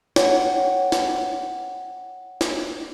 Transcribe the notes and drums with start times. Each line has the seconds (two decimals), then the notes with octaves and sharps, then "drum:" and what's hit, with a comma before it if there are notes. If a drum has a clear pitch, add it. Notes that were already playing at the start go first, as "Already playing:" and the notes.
0.16 C#5 F#5 G5, drum: snare
0.92 drum: snare
2.41 drum: snare